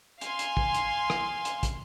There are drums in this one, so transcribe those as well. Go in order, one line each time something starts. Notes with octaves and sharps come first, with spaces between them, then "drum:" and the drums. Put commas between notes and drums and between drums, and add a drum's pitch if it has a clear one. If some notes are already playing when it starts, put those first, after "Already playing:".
F5 G#5 C6, drum: hi-hat
drum: hi-hat
drum: kick
drum: hi-hat
drum: rim click
drum: hi-hat
drum: kick, hi-hat